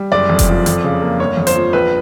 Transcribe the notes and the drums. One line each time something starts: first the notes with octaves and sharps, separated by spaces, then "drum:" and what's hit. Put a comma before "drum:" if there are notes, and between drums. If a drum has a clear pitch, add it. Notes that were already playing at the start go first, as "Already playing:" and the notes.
Already playing: G3
F#1 D5
F2
drum: kick F1, hi-hat
F3
F2, drum: hi-hat
C#3
A#3
G1 C#5
F2
C5, drum: hi-hat
F3
A#1 B4